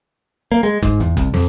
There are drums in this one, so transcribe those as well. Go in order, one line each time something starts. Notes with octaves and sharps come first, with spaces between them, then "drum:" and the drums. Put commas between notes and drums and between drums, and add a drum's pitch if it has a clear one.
A#3
G#3, drum: hi-hat
G#2, drum: kick F#1, hi-hat
E2, drum: hi-hat
C2, drum: kick F#1, hi-hat
F2, drum: snare